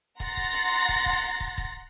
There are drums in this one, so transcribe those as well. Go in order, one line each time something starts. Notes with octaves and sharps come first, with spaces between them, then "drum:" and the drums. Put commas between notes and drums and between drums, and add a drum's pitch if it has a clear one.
F#5 A#5 C6 A6 A#6, drum: kick, hi-hat
drum: kick
drum: hi-hat
drum: kick, hi-hat
drum: kick
drum: hi-hat
drum: kick
drum: kick